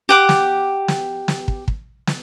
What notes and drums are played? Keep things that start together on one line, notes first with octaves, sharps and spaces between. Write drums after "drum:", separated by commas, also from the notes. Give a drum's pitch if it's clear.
G4 F#5 D6
drum: snare
drum: snare
drum: snare
drum: kick
drum: kick
drum: snare